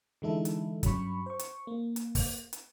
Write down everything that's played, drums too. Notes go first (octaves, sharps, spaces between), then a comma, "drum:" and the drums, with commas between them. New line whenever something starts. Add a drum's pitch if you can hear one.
D3 E3 G#3 D#4 E4 A4
drum: hi-hat
G2 F#3 C#4 B5 C#6, drum: kick, hi-hat
C5 C#6
drum: hi-hat
A#3
drum: hi-hat
drum: kick, open hi-hat
drum: hi-hat